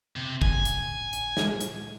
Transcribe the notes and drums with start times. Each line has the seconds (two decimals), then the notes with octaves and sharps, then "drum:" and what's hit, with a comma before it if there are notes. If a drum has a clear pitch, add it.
0.16 C3
0.42 G#5, drum: kick
0.65 drum: hi-hat
1.13 drum: hi-hat
1.37 drum: snare
1.61 drum: hi-hat